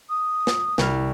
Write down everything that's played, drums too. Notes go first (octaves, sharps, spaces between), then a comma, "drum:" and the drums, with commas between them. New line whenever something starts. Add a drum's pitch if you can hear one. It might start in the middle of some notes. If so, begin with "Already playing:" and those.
D#6
drum: snare
C2 F6, drum: snare